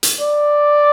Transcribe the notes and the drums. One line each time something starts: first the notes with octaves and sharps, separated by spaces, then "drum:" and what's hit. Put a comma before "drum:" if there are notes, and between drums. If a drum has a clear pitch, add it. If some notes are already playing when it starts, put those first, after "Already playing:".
drum: hi-hat
D5